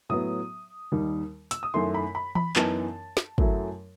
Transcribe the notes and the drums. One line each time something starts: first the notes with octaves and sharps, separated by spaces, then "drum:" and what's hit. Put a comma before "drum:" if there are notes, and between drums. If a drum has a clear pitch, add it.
A2 F#3 B3 D#6
D#2 D#3 G3
E6, drum: hi-hat
D#6
F#2 D#3 A3 E4 C6
B5
B5
B5, drum: tom E3
F#2 E3 B3 D#4 A5, drum: clap
drum: snare
F#2 F#3 A3 E4, drum: kick